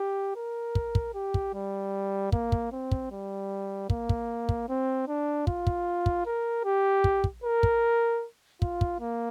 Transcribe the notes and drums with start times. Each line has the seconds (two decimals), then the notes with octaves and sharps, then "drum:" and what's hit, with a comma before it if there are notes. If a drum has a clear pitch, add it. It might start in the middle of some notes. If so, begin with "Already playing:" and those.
Already playing: G4
0.36 A#4
0.75 drum: kick
0.95 drum: kick
1.15 G4
1.34 drum: kick
1.54 G3
2.32 A#3, drum: kick
2.52 drum: kick
2.72 C4
2.92 drum: kick
3.12 G3
3.90 A#3, drum: kick
4.09 drum: kick
4.49 drum: kick
4.69 C4
5.08 D4
5.47 F4, drum: kick
5.67 drum: kick
6.06 drum: kick
6.26 A#4
6.65 G4
7.04 drum: kick
7.24 drum: kick
7.44 A#4
7.63 drum: kick
8.62 F4, drum: kick
8.81 drum: kick
9.00 A#3